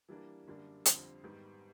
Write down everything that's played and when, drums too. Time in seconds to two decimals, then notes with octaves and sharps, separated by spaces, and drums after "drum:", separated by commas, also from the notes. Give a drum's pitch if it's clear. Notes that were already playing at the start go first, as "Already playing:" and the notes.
0.09 E3 G3 A#3 D4
0.47 F#2 D3 G3 A#3 D4
0.85 F2 D3 G3 C4, drum: hi-hat
1.24 G#2 D#3 G3 B3